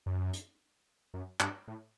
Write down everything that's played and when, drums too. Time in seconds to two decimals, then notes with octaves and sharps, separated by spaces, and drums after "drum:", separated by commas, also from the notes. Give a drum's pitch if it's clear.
0.06 F#2
0.33 drum: hi-hat
1.14 F#2
1.40 G2, drum: clap
1.68 A2